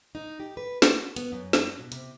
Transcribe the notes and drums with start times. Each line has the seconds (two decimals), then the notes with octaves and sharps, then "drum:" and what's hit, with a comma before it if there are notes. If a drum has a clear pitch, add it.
0.15 D#4
0.40 G4
0.57 B4
0.82 F#4, drum: snare
1.16 B3, drum: hi-hat
1.32 F#2
1.53 drum: snare
1.79 B2
1.92 C3, drum: hi-hat